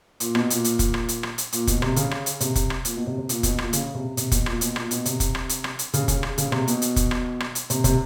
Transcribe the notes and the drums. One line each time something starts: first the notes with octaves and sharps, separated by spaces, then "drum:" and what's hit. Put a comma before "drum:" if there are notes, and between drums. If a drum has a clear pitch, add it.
A#2, drum: hi-hat
B2, drum: rim click
A#2, drum: hi-hat
drum: hi-hat
drum: kick, hi-hat
drum: rim click
drum: hi-hat
drum: rim click
drum: hi-hat
A#2, drum: hi-hat
B2, drum: kick, hi-hat
C3, drum: rim click
C#3, drum: hi-hat
drum: rim click
drum: hi-hat
C3, drum: hi-hat
drum: kick, hi-hat
drum: rim click
A#2, drum: hi-hat
B2
C3
C3
A#2, drum: hi-hat
B2, drum: kick, hi-hat
A#2, drum: rim click
C#3, drum: hi-hat
C3
C3, drum: hi-hat
B2, drum: kick, hi-hat
A#2, drum: rim click
B2, drum: hi-hat
A#2, drum: rim click
B2, drum: hi-hat
C3, drum: hi-hat
drum: kick, hi-hat
drum: rim click
drum: hi-hat
drum: rim click
drum: hi-hat
C#3, drum: hi-hat
C#3, drum: kick, hi-hat
drum: rim click
C#3, drum: hi-hat
C3, drum: rim click
B2, drum: hi-hat
drum: hi-hat
drum: kick, hi-hat
drum: rim click
drum: rim click
drum: hi-hat
C3, drum: hi-hat
C3, drum: kick, hi-hat